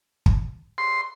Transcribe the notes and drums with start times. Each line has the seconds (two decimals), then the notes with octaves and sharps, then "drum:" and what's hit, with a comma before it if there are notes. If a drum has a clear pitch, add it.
0.26 drum: kick
0.78 C6